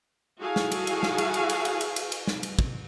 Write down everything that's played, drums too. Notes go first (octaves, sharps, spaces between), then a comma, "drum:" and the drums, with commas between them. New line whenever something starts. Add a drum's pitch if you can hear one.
E4 F#4 G#4 A4 F5 G#5
drum: snare
drum: cymbal
drum: cymbal
drum: snare
drum: cymbal
drum: cymbal
drum: cymbal
drum: cymbal
drum: cymbal
drum: cymbal
drum: cymbal
drum: snare
drum: cymbal
drum: kick